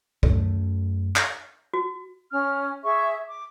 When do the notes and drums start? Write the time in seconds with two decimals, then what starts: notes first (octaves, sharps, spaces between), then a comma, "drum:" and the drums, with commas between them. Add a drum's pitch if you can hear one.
0.23 F#2 A3, drum: kick C#2
1.16 drum: clap
1.74 F#4
2.31 C#4 F6
2.83 G#4 E5 C#6
3.28 D6